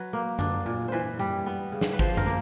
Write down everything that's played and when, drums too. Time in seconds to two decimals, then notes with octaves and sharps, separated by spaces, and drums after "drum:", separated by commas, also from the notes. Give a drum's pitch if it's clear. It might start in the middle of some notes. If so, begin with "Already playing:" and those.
Already playing: F#3 B4
0.13 A#3
0.39 D4, drum: tom F#2
0.66 A#2
0.88 E3 B4 C5
1.19 G3
1.46 B3
1.72 C#3
1.81 drum: snare
1.93 B4
1.99 F3 C5, drum: kick G#1, hi-hat
2.17 A#4, drum: tom F#2
2.26 A#3